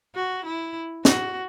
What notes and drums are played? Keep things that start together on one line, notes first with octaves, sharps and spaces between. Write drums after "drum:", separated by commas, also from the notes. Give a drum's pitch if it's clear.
F#4
E4
F#4, drum: snare